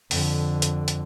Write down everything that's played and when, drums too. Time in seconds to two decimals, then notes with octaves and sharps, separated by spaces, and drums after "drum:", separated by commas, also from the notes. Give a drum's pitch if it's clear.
0.11 F2 D3, drum: open hi-hat
0.62 drum: hi-hat
0.88 drum: hi-hat